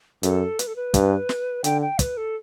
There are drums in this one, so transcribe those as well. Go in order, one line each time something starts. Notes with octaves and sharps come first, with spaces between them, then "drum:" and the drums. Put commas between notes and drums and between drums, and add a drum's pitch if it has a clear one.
F#2 A4, drum: hi-hat
B4, drum: hi-hat
A4
B4
G2, drum: kick, hi-hat
drum: snare
D3 G5, drum: hi-hat
G5
B4, drum: kick, hi-hat
A4